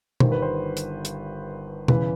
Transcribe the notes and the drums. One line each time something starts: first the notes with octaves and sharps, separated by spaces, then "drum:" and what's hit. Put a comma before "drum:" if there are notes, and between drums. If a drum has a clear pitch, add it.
G1 G2 D#3 C5, drum: tom B2
B4
C5
drum: hi-hat
drum: hi-hat
E2 C#3 E3 B4, drum: tom B2